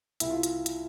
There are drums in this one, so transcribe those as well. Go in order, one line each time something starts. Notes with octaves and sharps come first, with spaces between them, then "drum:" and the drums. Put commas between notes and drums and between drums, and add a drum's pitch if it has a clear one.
C2 E4, drum: hi-hat
F4
drum: hi-hat
drum: hi-hat